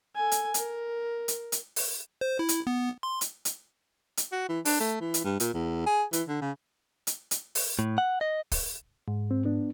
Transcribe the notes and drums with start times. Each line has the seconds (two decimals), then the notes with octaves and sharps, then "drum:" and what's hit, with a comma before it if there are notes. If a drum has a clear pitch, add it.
0.15 A4 G#5
0.32 drum: hi-hat
0.54 A#4, drum: hi-hat
1.28 drum: hi-hat
1.52 drum: hi-hat
1.76 drum: open hi-hat
2.21 C5
2.39 E4
2.49 drum: hi-hat
2.67 B3
3.03 C6
3.21 drum: hi-hat
3.45 drum: hi-hat
4.17 drum: hi-hat
4.32 F#4
4.49 E3
4.65 D4, drum: open hi-hat
4.80 A3
5.01 E3
5.14 drum: hi-hat
5.24 G2
5.40 A#2, drum: hi-hat
5.54 E2
5.86 G#4
6.13 E3, drum: hi-hat
6.28 D3
6.42 C#3
7.07 drum: hi-hat
7.31 drum: hi-hat
7.55 drum: open hi-hat
7.79 A2
7.98 F#5
8.21 D#5
8.52 drum: kick, open hi-hat
9.08 G#2
9.31 C4
9.45 B3 D4